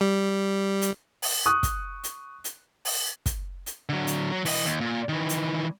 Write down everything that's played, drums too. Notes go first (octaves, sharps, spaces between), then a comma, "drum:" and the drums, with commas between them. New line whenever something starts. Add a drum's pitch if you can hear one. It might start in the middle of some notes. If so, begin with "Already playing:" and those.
G3
drum: hi-hat
drum: open hi-hat
C#6 D#6 F#6
drum: kick, hi-hat
drum: hi-hat
drum: hi-hat
drum: open hi-hat
drum: kick, hi-hat
drum: hi-hat
D3 F#3
drum: hi-hat
F#3
E3 D#5, drum: open hi-hat
D#2
A#2
D#3 E3
drum: hi-hat